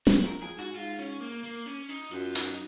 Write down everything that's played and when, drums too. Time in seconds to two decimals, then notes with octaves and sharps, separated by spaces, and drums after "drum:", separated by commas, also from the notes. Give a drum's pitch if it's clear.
0.07 F#2 F#4, drum: snare
0.24 F2 A#4
0.41 F2 G#4
0.58 G#2 F#4
0.75 G#2 F4
0.99 C#4
1.20 A#3
1.44 A#3
1.66 C#4
1.89 D#4
2.11 F#2 F4
2.35 D#4, drum: hi-hat
2.52 D#4